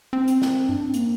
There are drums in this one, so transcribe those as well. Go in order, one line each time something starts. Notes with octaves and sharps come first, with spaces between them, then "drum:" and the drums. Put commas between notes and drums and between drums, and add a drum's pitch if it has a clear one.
C4
drum: hi-hat
drum: snare
D4, drum: tom G2
C4
A#3, drum: hi-hat